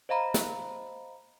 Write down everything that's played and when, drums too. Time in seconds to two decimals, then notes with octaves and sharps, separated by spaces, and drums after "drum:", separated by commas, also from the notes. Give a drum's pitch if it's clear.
0.09 C5 D#5 F5 A#5 B5
0.34 drum: snare